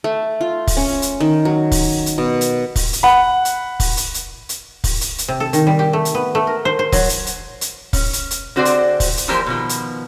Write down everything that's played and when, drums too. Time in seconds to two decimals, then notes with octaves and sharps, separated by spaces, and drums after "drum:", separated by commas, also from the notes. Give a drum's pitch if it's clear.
0.04 A3
0.41 F4
0.67 drum: kick, open hi-hat
0.77 C#4
1.02 drum: hi-hat
1.20 D#3
1.45 F#3
1.71 drum: kick, open hi-hat
2.06 drum: hi-hat
2.18 B2
2.41 drum: hi-hat
2.76 drum: kick, open hi-hat
2.93 drum: hi-hat
3.03 F#5 B5
3.45 drum: hi-hat
3.80 drum: kick, open hi-hat
3.97 drum: hi-hat
4.14 drum: hi-hat
4.49 drum: hi-hat
4.84 drum: kick, open hi-hat
5.01 drum: hi-hat
5.18 drum: hi-hat
5.28 C3
5.40 A4
5.53 D#3, drum: hi-hat
5.67 G3
5.79 G4
5.93 A3
6.05 drum: hi-hat
6.15 B3
6.35 A3
6.47 A#4
6.65 C5
6.79 C5
6.92 F#3, drum: kick, open hi-hat
7.09 drum: hi-hat
7.27 drum: hi-hat
7.61 drum: hi-hat
7.93 C#4, drum: kick, open hi-hat
8.13 drum: hi-hat
8.31 drum: hi-hat
8.56 D3 C4 F#4 G#4 C5 D5
8.65 drum: hi-hat
9.00 drum: kick, open hi-hat
9.17 drum: hi-hat
9.28 E3 F3 A#3 G4 A#4 C5
9.46 B2 D#3 F3
9.69 drum: hi-hat